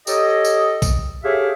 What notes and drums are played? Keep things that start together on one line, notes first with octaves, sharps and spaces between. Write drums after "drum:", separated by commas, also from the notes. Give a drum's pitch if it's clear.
G4 A4 C#5 D#5, drum: tambourine
drum: tambourine
drum: kick A#1, tambourine
A3 G4 G#4 C#5 E5 F5